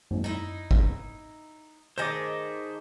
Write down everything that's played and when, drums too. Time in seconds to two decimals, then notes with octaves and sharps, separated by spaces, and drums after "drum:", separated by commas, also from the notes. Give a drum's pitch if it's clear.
0.11 drum: tom F#2
0.24 D#4 E4
0.71 drum: kick
1.98 D#3 A3 G#4 C5 D#5 D6